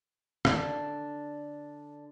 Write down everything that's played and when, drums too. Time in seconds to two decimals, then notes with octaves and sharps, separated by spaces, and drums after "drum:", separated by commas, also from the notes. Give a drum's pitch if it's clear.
0.45 D3 D4, drum: rim click